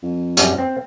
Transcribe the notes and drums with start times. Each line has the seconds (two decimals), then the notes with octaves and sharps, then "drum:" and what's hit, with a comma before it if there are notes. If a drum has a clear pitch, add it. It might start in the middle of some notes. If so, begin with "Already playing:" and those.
0.03 F2
0.37 F#2 G3, drum: hi-hat
0.58 C4